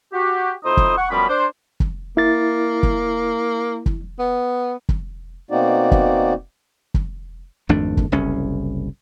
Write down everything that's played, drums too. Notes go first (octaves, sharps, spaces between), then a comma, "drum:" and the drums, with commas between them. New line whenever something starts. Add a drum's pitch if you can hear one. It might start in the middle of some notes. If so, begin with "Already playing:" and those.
F#4 G4
F2 D#4 E4 C5 D#6
drum: kick
F#5 C#6
F#2 F3 G3 B3 C#4 B5
D4 C5
drum: kick
A#3 E4 A6
drum: kick
drum: kick
B3
drum: kick
B2 A#3 C4 D#4 F#4 D5
drum: kick
drum: kick
G#1 F2 A3 D4
drum: kick
F#1 C2 C#4